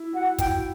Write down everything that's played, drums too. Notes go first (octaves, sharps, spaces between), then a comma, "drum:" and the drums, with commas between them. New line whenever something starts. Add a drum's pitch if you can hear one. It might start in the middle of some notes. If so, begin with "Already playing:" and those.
Already playing: E4
F#4 F#5
E4 G5, drum: kick, hi-hat
F#4